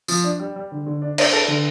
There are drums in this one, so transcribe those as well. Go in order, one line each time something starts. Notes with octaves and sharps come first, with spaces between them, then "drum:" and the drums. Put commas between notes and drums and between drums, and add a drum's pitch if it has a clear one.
F3, drum: tambourine
D4
G3
G3
D3
D3
D4
D4, drum: cymbal
A4
D3